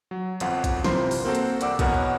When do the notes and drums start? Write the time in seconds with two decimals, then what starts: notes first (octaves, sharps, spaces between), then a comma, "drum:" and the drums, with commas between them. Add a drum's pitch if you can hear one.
0.11 F#3
0.40 G1 F2 F4 F#5, drum: hi-hat
0.64 drum: kick, hi-hat
0.84 C3 E3 F3 A#4 C5 C6, drum: snare
1.11 drum: open hi-hat
1.25 A#3 C4 F#4 A4 C5
1.35 drum: hi-hat
1.61 C2 D5 F#5 D6 E6, drum: hi-hat
1.79 E2 B2 B3 A#4 C#5 F#5, drum: kick, hi-hat